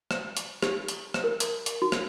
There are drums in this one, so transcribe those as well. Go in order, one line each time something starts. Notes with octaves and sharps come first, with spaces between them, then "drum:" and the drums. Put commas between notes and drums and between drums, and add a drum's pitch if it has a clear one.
drum: rim click
drum: hi-hat
G4, drum: rim click
drum: hi-hat
drum: rim click
A#4
drum: hi-hat
drum: hi-hat
F#4
drum: rim click